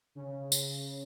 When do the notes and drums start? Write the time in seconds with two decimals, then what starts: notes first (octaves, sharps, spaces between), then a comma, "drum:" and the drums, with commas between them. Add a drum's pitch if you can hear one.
0.15 C#3
0.52 drum: tambourine